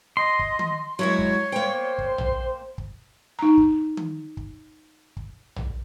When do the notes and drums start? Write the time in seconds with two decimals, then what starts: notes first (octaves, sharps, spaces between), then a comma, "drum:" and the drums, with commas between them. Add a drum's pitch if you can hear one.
0.17 D#5 C6
0.39 drum: kick
0.59 drum: tom D#3
0.99 F#3 G#3 E4 F#4 C#5
1.19 drum: kick
1.52 A#3 C5 G5
1.98 drum: kick
2.18 drum: tom A#1
2.78 drum: kick
3.39 D#4 A#5
3.57 drum: kick
3.97 drum: tom D#3
4.37 drum: kick
5.17 drum: kick
5.56 drum: tom A#1